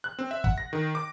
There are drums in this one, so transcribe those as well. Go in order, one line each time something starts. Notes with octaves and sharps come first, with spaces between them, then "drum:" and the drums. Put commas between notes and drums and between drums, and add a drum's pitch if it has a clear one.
F#6
C4
E5
F#5, drum: kick
A#6
D#3
D6